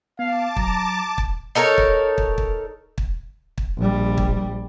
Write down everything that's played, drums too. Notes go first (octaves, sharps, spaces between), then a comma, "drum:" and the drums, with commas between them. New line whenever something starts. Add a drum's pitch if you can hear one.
B3 F5 A5 D6
F#3 A#5, drum: kick
drum: kick
D#4 A4 A#4 C#5
drum: kick
drum: kick
drum: kick
drum: kick
drum: kick
A#1 G3
drum: kick